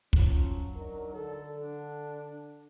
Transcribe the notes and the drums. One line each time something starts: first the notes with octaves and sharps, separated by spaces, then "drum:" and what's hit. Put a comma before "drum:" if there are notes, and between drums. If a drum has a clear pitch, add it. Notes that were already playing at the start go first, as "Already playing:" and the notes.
F3 F#3 C#4, drum: kick
D4 D#4 A#4
D3 A4
D4